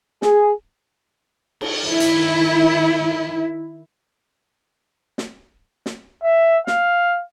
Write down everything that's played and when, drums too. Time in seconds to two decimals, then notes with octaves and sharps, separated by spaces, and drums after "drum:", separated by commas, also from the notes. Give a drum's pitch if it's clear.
0.22 G#4, drum: snare
1.61 drum: cymbal
1.83 D#3 E4
2.00 drum: hi-hat
5.18 drum: snare
5.86 drum: snare
6.24 E5
6.67 F5, drum: snare